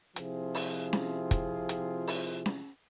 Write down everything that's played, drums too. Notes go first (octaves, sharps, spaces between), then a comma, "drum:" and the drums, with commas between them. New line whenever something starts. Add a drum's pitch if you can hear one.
C3 F3 C4 E4 F4 G#4, drum: hi-hat
drum: open hi-hat
drum: snare C#4
drum: kick, hi-hat
drum: hi-hat
drum: open hi-hat
drum: snare C#4